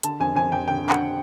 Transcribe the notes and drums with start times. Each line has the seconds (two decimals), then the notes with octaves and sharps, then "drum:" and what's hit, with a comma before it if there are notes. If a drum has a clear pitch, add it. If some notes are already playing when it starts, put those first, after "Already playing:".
0.03 D3 A5, drum: hi-hat
0.20 F2 G#5
0.36 F2 G#5
0.52 F2 G5
0.68 D3 G5
0.84 D3
0.89 F#5, drum: clap